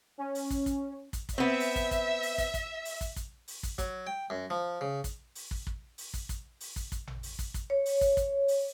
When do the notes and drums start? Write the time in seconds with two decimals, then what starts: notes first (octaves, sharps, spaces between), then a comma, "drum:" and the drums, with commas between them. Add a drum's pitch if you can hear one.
0.18 C#4
0.35 drum: open hi-hat
0.50 drum: kick, hi-hat
0.66 drum: kick, hi-hat
1.13 drum: kick, hi-hat
1.29 drum: kick, hi-hat
1.38 B3 C4 E5
1.60 drum: open hi-hat
1.76 drum: kick, hi-hat
1.91 drum: kick, hi-hat
2.23 drum: open hi-hat
2.38 drum: kick, hi-hat
2.54 drum: kick, hi-hat
2.85 drum: open hi-hat
3.01 drum: kick, hi-hat
3.16 drum: kick, hi-hat
3.48 drum: open hi-hat
3.63 drum: kick, hi-hat
3.78 F#3, drum: kick, hi-hat
4.07 G5
4.30 F#2
4.50 F3
4.81 C#3
5.04 drum: kick, hi-hat
5.35 drum: open hi-hat
5.51 drum: kick
5.67 drum: kick
5.98 drum: open hi-hat
6.14 drum: kick, hi-hat
6.29 drum: kick, hi-hat
6.60 drum: open hi-hat
6.76 drum: kick, hi-hat
6.92 drum: kick, hi-hat
7.07 drum: tom A1
7.23 drum: open hi-hat
7.39 drum: kick, hi-hat
7.54 drum: kick, hi-hat
7.70 C#5
7.86 drum: open hi-hat
8.01 drum: kick, hi-hat
8.17 drum: kick, hi-hat
8.48 drum: open hi-hat